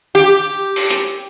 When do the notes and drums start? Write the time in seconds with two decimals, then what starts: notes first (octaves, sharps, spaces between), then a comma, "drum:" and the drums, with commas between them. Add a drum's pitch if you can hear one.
0.15 G4
0.76 drum: open hi-hat
0.90 drum: hi-hat